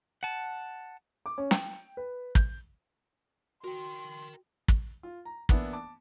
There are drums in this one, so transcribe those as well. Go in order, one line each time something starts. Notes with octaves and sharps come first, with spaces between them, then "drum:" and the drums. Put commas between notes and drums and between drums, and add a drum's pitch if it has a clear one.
F#5 A5
D6
C#4
G5, drum: snare
B4
G6, drum: kick
F#4 A#4 G5 C6
drum: kick
F4
A#5
E3 A#3 B3 D4 E4, drum: kick
A5 D6